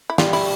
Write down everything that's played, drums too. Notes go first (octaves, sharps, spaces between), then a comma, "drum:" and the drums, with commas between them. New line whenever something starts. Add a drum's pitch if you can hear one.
E4
G3 F4, drum: snare
E4, drum: open hi-hat